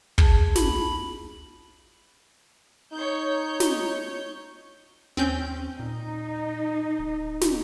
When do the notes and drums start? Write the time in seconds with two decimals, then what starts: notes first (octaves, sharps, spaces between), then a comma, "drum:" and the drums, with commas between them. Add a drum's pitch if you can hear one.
0.18 G#4 A5, drum: kick
0.56 B5, drum: snare
2.93 D#4 C#5 G6
3.60 drum: snare
5.17 D#2 C4 C#4 G6
5.79 A#2 D#4
6.99 D1
7.41 drum: snare